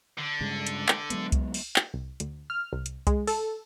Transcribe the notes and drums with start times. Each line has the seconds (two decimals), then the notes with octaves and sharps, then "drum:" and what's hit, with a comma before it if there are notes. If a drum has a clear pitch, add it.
0.18 D3
0.41 G2 C#3 G#3
0.67 drum: hi-hat
0.88 drum: clap
1.10 F#3 G#3 B3, drum: hi-hat
1.32 drum: kick C2, hi-hat
1.54 drum: open hi-hat
1.76 drum: clap
1.94 C2
2.20 D2, drum: hi-hat
2.50 F6
2.73 C2
2.86 drum: hi-hat
3.07 G#3, drum: kick C2, hi-hat
3.27 A4, drum: open hi-hat